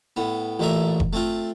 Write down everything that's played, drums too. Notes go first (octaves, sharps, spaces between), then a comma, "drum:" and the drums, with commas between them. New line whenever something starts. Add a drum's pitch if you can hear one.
A2 B3
A1 A#2 A3 E5 A#5
drum: kick F1
A3 C4 F4